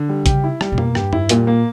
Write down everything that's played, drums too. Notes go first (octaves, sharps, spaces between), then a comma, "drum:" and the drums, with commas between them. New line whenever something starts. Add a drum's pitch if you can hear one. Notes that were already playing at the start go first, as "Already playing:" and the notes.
Already playing: D3
G3
C#3 G4, drum: kick, hi-hat
E4
G3, drum: rim click
B2
A#3, drum: tom F2
G2 G4, drum: rim click
E4, drum: tom F2
A#2 G3, drum: hi-hat
A#3